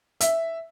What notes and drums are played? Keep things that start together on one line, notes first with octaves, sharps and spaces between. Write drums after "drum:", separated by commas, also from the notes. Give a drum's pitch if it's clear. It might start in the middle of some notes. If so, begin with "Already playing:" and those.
E5, drum: hi-hat